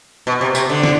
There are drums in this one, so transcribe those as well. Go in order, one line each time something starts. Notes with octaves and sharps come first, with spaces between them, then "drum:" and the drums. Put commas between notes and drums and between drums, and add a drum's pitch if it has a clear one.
B2
C3
C3, drum: tambourine
D3
drum: snare